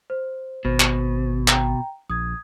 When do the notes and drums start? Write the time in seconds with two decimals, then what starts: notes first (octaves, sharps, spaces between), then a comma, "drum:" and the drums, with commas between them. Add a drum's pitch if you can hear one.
0.10 C5
0.65 G#1 B2 C5
0.80 drum: clap
1.48 G5 A#5, drum: clap
2.10 A#1 D#6 G#6